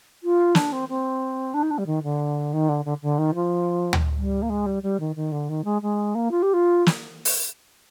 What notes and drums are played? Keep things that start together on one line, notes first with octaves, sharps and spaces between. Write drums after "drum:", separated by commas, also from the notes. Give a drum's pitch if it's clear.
F4
D4, drum: snare
C4
C4
D4
D#4
D4
G3
D#3
D3
D#3
D3
D3
D3
D#3
F3
drum: tom D2
G3
A#3
G#3
G3
G3
D#3
D#3
D3
D#3
G#3
G#3
A#3
F4
G4
F4
drum: snare
drum: open hi-hat